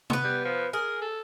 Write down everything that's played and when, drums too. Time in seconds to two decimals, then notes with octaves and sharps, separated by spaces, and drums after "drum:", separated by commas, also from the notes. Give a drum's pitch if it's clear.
0.10 B3 B4, drum: tom C3
0.24 G3
0.45 F3
0.73 G#4 A#4
1.02 A4